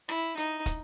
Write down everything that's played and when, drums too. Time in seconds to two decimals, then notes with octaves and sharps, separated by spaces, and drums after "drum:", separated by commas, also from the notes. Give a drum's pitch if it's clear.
0.09 E4, drum: rim click
0.37 D#4, drum: hi-hat
0.66 drum: kick, hi-hat